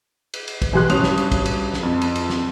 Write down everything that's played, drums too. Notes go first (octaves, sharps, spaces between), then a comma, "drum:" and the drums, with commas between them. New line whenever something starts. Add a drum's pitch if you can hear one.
drum: cymbal
drum: cymbal
drum: kick, cymbal
B1 E3 G4 C6 F#6
G2 F#3 C#4 D#6 F7, drum: cymbal
drum: snare
drum: cymbal
drum: kick, cymbal
drum: cymbal
drum: snare
F2
drum: cymbal
drum: cymbal
drum: snare